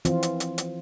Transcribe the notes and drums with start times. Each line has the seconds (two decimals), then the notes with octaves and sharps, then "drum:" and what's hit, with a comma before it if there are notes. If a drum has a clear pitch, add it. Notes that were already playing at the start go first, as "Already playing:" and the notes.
0.05 E3 F3 C4 F4, drum: hi-hat
0.23 drum: hi-hat
0.40 drum: hi-hat
0.58 drum: hi-hat